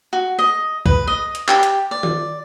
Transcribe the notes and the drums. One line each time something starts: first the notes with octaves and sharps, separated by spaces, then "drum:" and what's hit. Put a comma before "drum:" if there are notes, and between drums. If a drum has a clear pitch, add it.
F#4
D#5
B4, drum: kick C2
D#5
drum: hi-hat
G4, drum: clap
drum: hi-hat
D5
drum: tom D#3